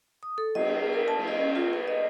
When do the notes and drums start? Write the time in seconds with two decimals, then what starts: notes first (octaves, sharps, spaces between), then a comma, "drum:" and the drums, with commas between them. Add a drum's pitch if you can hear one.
0.23 D#6
0.38 A4
0.55 D#5, drum: cymbal
0.68 G#4
0.93 A#4
1.08 A5
1.19 drum: cymbal
1.28 D#5
1.39 C#4
1.55 F4
1.73 B4
1.88 D#5